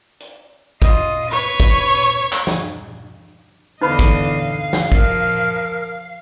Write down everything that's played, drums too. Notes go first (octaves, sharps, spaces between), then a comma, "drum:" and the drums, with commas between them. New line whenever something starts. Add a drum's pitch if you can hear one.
drum: hi-hat
F4 D#5, drum: kick
B4 C#5
drum: kick
drum: clap
drum: snare
E2 D3 D#4 B4 D#5 F5 B5
drum: kick
drum: snare
F3 A#4, drum: kick